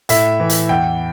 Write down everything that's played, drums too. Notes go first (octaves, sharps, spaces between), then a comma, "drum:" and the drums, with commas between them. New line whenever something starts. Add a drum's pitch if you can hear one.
A2 E5, drum: hi-hat
E3
drum: hi-hat
E2 G5